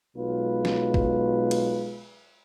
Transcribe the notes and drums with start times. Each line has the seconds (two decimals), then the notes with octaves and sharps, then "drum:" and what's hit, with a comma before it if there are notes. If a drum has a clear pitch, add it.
0.16 B1 B2 G#3 F4 B4
0.65 drum: snare
0.94 drum: kick A1
1.51 drum: cymbal